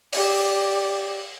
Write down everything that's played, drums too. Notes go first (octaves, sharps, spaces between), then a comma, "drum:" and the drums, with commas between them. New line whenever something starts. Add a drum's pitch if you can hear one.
G4 D5, drum: open hi-hat